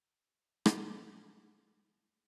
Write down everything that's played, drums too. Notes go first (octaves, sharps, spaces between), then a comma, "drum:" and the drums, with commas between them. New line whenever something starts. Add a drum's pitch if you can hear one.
A#5 G6 A#6
drum: rim click